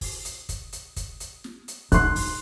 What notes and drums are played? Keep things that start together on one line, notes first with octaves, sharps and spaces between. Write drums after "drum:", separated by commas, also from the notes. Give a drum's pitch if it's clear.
drum: kick, open hi-hat
drum: hi-hat
drum: kick, hi-hat
drum: hi-hat
drum: kick, hi-hat
drum: hi-hat
drum: snare
drum: hi-hat
D#4 C6 F#6, drum: hi-hat
drum: kick, open hi-hat